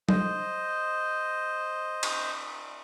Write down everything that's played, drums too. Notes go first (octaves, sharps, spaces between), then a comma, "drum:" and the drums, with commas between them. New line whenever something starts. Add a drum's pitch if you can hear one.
C5 D#5, drum: tom F#3
drum: cymbal